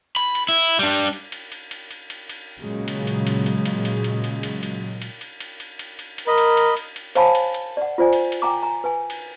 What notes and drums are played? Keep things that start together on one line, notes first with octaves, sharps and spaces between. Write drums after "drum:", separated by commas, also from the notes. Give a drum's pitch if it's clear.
B5, drum: cymbal
drum: cymbal
E4
G3 D4
drum: cymbal
drum: cymbal
drum: cymbal
drum: cymbal
drum: cymbal
drum: cymbal
drum: cymbal
A#2 C#3 F#3 G#3
drum: cymbal
drum: cymbal
drum: cymbal
drum: cymbal
drum: cymbal
drum: cymbal
drum: cymbal
drum: cymbal
drum: cymbal
drum: cymbal
drum: cymbal
drum: cymbal
drum: cymbal
drum: cymbal
drum: cymbal
drum: cymbal
drum: cymbal
A#4 D#5 B5
drum: cymbal
drum: cymbal
drum: cymbal
drum: cymbal
C5 C#5 F5 G#5 A5 B5, drum: cymbal
drum: cymbal
drum: cymbal
D5 F#5
F4 C5 D5 G#5
drum: cymbal
drum: cymbal
G5 G#5 A#5 D6
G#5 A#5
B4 G#5
drum: cymbal